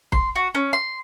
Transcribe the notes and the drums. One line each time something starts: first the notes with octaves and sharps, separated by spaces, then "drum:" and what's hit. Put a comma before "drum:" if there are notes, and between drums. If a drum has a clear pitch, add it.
C6, drum: kick
F#4
C#4
C6